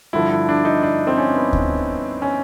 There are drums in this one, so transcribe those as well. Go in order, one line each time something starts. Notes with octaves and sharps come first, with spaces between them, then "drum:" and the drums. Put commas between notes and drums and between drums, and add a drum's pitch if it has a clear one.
G2 D3 F3 E4
E4
D4
D#4
D4
C4
C#4
B3
drum: kick D2
C#4